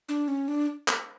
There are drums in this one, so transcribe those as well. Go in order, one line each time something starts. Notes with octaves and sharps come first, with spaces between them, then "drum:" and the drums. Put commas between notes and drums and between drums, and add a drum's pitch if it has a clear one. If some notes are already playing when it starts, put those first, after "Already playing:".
D4
C#4
D4
drum: clap